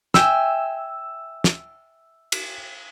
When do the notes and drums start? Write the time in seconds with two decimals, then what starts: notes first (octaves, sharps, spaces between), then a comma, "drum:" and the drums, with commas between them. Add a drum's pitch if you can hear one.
0.14 E5 G5 G#5 E6, drum: snare
1.44 drum: snare
2.32 drum: cymbal